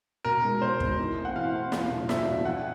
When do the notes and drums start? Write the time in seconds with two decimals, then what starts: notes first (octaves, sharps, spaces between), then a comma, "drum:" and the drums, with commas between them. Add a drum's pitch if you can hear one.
0.25 B2 A#4
0.43 G#3 B3 D#4
0.62 B2 C5
0.80 G#3 B3 D#4, drum: kick
0.98 E3
1.16 A3 C4
1.25 F#5
1.35 E3 F5
1.53 A3 C4
1.72 E2, drum: snare
1.90 B2 F#3 A3 D4
2.09 E2 E5, drum: snare
2.27 B2 F#3 A3 D4
2.45 F2 F#5